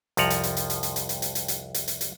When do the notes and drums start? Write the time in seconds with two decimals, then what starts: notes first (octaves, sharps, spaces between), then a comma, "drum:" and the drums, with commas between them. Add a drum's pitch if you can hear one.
0.17 C2 F2 F3 F#5 A#5, drum: hi-hat
0.30 drum: hi-hat
0.43 drum: hi-hat
0.57 drum: hi-hat
0.70 drum: hi-hat
0.83 drum: hi-hat
0.96 drum: hi-hat
1.09 drum: hi-hat
1.22 drum: hi-hat
1.35 drum: hi-hat
1.48 drum: hi-hat
1.74 drum: hi-hat
1.88 drum: hi-hat
2.01 drum: hi-hat